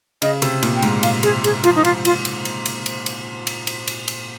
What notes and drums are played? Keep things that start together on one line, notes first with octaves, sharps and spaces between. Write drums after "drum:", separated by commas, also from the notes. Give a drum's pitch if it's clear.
C#3 D#5, drum: cymbal
C3, drum: cymbal
A#2, drum: cymbal
G5
G#2, drum: cymbal
A#2 F5, drum: cymbal
C3 G#4, drum: cymbal
G#4, drum: cymbal
F3 F4, drum: cymbal
D#4
F4, drum: cymbal
F4, drum: cymbal
drum: cymbal
drum: cymbal
drum: cymbal
drum: cymbal
drum: cymbal
drum: cymbal
drum: cymbal
drum: cymbal
drum: cymbal